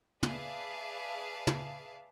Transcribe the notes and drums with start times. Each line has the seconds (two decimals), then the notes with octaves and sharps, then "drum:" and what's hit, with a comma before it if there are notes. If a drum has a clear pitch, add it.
0.23 G#4 B4 D5 E5 F5 A5, drum: tom
1.47 drum: tom